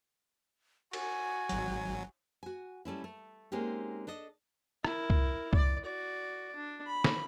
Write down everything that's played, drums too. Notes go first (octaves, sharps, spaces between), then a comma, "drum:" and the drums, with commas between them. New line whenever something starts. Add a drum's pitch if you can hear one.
F#4 G#5, drum: cymbal
G#1 F#3, drum: hi-hat
F#4 G#5
G3 A3 C#4 E4
A3
G#3 A#3 C4 C#4 D#4 G4
D4 A4 D#5
E4 A#4, drum: rim click
drum: kick C2
D5, drum: kick C2
F#4 D5
D4
B5
drum: snare